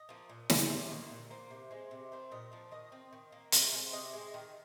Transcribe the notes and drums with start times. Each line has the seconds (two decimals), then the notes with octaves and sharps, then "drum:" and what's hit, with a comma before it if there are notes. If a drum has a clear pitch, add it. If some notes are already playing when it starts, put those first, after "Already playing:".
Already playing: D#5
0.09 F3 A#3
0.29 A#2
0.50 F3 G#3, drum: snare
0.70 C3
0.90 D#3 A#3
1.10 A#2
1.30 A#3 C5
1.50 C3
1.71 G#3 C4
1.91 C3
2.12 D#3 C4
2.32 A#2 D#5
2.52 F3 A#3
2.71 D#3 D#5
2.92 C4
3.13 D#3
3.32 A#3
3.52 C3 F5, drum: hi-hat
3.73 G#3 C4
3.93 C3 D#5
4.13 G#3 C4
4.34 D#3